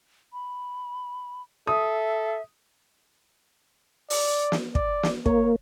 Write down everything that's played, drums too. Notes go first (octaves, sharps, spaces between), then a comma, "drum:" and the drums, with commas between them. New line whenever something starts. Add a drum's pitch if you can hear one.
B5
A4 E5 D#6
D5, drum: open hi-hat
drum: snare
D5, drum: kick
drum: snare
A#3 C#5, drum: kick